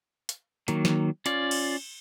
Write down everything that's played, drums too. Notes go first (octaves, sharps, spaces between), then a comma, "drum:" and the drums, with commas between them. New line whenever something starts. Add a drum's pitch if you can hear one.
drum: hi-hat
D#3 F#3 A#3, drum: hi-hat
drum: snare
C#4 F4 D5, drum: hi-hat
drum: cymbal